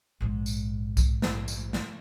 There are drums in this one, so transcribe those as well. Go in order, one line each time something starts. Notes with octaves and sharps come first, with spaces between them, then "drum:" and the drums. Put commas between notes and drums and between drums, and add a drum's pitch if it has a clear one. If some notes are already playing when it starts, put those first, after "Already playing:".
A#1 G#2
drum: tambourine
drum: kick B1, tambourine
drum: snare
drum: tambourine
drum: snare